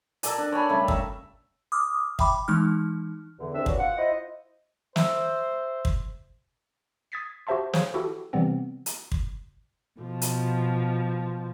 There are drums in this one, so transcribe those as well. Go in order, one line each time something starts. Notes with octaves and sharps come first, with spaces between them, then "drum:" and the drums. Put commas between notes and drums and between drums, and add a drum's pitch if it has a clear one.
A4 A#4 D5 G#5, drum: hi-hat
D4
C#5 D5 G#5 B5
C#3 G3 A3
E5 F5 A#5, drum: kick
D6 D#6 F6
E5 G5 B5 D6, drum: kick
E3 G#3 D#4 F6
E2 D3
C2 G#2 C4 D4 E5 E6
B3 C#4 D4 F#4, drum: kick
F4 F#5
E4 F4 C5 D#5
C5 E5 E6, drum: snare
drum: kick
D#6 G#6 A6 B6 C7
F#4 G4 C5 E5 A5 C6
G#4 C5 C#5 F5, drum: snare
E4 F#4 G4 A4
C3 E3 G3 B3 C4
drum: hi-hat
drum: kick
B2 F3
drum: hi-hat